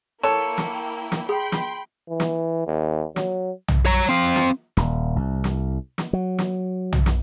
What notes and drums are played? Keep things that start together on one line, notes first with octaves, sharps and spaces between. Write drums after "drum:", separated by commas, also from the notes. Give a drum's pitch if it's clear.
A#3 E4 A4 C#5 G5 A5
drum: snare
drum: snare
G#4 G5 B5 C6
drum: snare
E3
drum: snare
D#2
F#3, drum: snare
drum: tom B1
C#5 A#5
C4 F5
drum: snare
D#1, drum: snare
C2
drum: snare
drum: snare
F#3
drum: snare
drum: tom B1
drum: snare